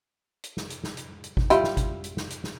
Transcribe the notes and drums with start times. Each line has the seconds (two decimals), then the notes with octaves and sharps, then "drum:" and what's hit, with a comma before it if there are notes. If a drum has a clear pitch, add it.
0.44 drum: hi-hat
0.57 drum: snare
0.70 drum: hi-hat
0.84 drum: snare
0.97 drum: hi-hat
1.24 drum: hi-hat
1.37 drum: kick
1.50 G3 E4 F4, drum: hi-hat
1.64 drum: snare
1.77 drum: kick, hi-hat
2.04 drum: hi-hat
2.17 drum: snare
2.30 drum: hi-hat
2.44 drum: snare